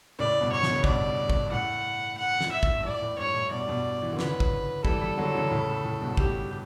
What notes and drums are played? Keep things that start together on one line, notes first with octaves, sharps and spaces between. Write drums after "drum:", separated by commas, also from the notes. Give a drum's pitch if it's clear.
A2 C#3 D5
G2 B2
C#5
B2, drum: snare
C#3
G2 B2 D5, drum: kick
drum: kick
A2 F#5
F#5
drum: snare
E5
drum: kick
G2
A2 D5
A2
G2 C#5
A2
G2 B2 D5
G2 B2
E3
D3
B4, drum: snare
C#3 E3
drum: kick
E3 G3 A4, drum: kick
E3 G3
D3 F#3
C#3 E3
A2 C#3
A2
A2
G2 B2
G4, drum: kick